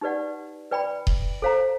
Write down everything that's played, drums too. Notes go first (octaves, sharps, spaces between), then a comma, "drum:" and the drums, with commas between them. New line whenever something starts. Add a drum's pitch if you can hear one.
D#4 G4 B4 D5 F#5
B4 D5 G5 B5
drum: kick D#1
A4 C5 F5 A#5